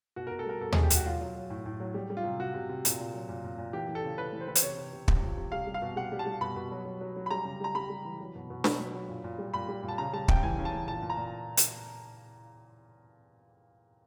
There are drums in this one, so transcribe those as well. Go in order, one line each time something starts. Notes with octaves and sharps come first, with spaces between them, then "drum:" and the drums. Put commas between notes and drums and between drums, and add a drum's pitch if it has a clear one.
B2 F#4
B2 A#4
A4
G3 A#4
B2 A4
B2 G#4, drum: tom D#2
G4
B2 F#4, drum: hi-hat
F#3 F4
F#3
F#3
A2
A2
F#3
G3
G3
F4
C3
C3 F#4
C3
C3
A#2, drum: hi-hat
A#2
F#3
A#2
A#2
A#2
E3 G4
E3
A4
C#3
C#3 B4
E3
C5
E3 B4
C5, drum: hi-hat
C3 C#5
C3
C3
C3, drum: kick
F3
C3
G3 F5
G3
F5
B2
G3 F#5
G3
A5
G3
B2 B5
B2
F#3
F#3
F#3
F#3
B5
G3 A#5
C#3
G3 A#5
G3 B5
G3
E3
F#3
B2
B2
B2 B5, drum: snare D4
F#3
F#3
A#2
A#2
G3
A#2 B5
G3
A#2
A5
C#3 A#5
G3 A5
C#3 G5, drum: kick
E3 G#5
C#3
A5
E3
A#2 A5
A#2
A#5
A#2
drum: hi-hat